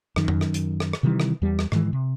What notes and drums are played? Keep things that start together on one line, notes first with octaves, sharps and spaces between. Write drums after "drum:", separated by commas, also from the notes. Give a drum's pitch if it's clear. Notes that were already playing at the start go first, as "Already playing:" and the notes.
F#2 D#3, drum: rim click
drum: tom F2
drum: rim click
drum: hi-hat
drum: rim click
drum: rim click
C3 D#3 E3 G3
drum: rim click
E2 G3
drum: rim click
G#2 D#3 E3 G#3, drum: rim click
C3